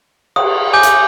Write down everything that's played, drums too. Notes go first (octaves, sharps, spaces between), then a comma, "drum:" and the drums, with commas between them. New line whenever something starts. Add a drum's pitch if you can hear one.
D#6, drum: cymbal
G#5 D6 G6
drum: hi-hat